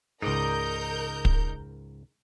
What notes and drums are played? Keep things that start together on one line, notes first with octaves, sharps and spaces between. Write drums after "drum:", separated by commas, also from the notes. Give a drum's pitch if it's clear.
C#2 G#2 D#4 A#4 D5 D#5 G6
drum: kick